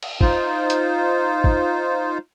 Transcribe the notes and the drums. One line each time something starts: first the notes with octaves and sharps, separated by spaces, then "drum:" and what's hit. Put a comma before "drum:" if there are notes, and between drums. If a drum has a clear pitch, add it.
drum: cymbal
D#4 F4 C5, drum: kick
drum: hi-hat
drum: kick